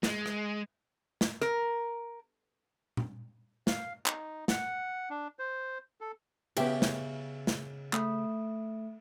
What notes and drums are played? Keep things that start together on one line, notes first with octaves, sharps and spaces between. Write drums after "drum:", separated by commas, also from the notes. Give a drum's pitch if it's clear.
G#3, drum: snare
drum: rim click
drum: snare
A#4, drum: rim click
drum: tom A#2
F5, drum: snare
D#4, drum: clap
F#5, drum: snare
D4
C5
A4
C#3 B3 G4 E5, drum: cymbal
drum: snare
drum: snare
A3, drum: clap